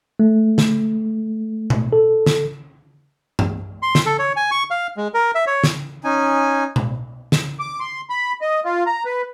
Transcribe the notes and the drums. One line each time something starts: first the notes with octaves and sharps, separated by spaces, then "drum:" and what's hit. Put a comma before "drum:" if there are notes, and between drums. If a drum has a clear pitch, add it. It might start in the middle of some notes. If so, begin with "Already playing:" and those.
A3
drum: snare
drum: tom B2
A4
drum: snare
drum: tom G2
C6
drum: snare
A4
C#5
G#5
C#6
F5
G#3
A#4
E5
C#5
drum: snare
C#4 D#4 G#5
drum: tom B2
drum: snare
D6
C6
B5
D#5
F4
A#5
B4